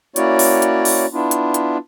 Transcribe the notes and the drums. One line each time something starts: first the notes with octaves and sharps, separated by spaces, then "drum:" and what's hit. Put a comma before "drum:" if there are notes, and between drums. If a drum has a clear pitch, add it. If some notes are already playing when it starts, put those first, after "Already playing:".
A#3 C#4 E4 F#4 C#5 D5, drum: hi-hat
drum: open hi-hat
drum: hi-hat
drum: open hi-hat
B3 D4 E4 F4
drum: hi-hat
drum: hi-hat